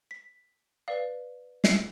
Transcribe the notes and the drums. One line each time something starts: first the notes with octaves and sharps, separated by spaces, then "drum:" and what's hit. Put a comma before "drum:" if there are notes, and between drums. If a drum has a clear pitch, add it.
B6
B4 D5 F5
C7, drum: snare